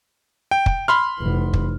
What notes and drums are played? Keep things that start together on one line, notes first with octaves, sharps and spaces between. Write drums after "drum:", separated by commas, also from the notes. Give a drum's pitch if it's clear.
G5
drum: kick
B5 C6 F6
F1 E3
drum: kick